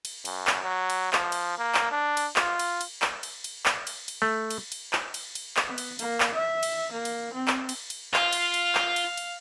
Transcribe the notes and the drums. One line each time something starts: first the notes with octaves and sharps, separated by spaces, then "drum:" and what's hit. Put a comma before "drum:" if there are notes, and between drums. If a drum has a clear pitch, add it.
drum: cymbal
F#2, drum: cymbal
drum: clap
F#3
drum: cymbal
F3, drum: clap
drum: cymbal
A#3
drum: clap
D4
drum: cymbal
F4, drum: clap
drum: cymbal
drum: cymbal
drum: clap
drum: cymbal
drum: cymbal
drum: clap
drum: cymbal
drum: cymbal
A3
drum: cymbal
drum: cymbal
drum: clap
drum: cymbal
drum: cymbal
drum: clap
B3
drum: cymbal
A#3, drum: cymbal
drum: clap
E5
drum: cymbal
A#3
drum: cymbal
C4
drum: clap
drum: cymbal
drum: cymbal
F4 F5, drum: clap
drum: cymbal
drum: cymbal
drum: clap
drum: cymbal
drum: cymbal